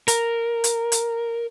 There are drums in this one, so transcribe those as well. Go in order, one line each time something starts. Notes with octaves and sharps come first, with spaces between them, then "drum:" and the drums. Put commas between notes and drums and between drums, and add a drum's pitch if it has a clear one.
A#4, drum: hi-hat
drum: hi-hat
drum: hi-hat